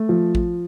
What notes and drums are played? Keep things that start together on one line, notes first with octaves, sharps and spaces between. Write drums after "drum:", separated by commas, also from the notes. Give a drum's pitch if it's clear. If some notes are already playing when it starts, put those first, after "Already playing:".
Already playing: A3
F3
drum: kick A1